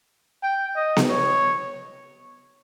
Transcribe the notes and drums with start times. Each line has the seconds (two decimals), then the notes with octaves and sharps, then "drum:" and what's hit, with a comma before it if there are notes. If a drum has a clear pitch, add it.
0.43 G5
0.76 D#5
0.97 drum: snare B3
1.09 C#5